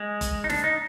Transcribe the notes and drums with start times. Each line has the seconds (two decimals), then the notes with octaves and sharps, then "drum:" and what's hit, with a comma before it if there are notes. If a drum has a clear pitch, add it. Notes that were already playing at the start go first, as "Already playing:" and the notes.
Already playing: G#3
0.21 drum: kick F#1, hi-hat
0.44 D#4
0.50 D4, drum: snare
0.64 D#4